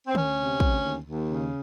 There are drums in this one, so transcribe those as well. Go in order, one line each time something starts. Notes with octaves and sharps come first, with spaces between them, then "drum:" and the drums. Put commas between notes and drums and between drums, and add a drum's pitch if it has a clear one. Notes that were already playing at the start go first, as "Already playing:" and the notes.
C4
D2 C#4, drum: tom D3
C3
D2, drum: kick
D#2
D#2
C#3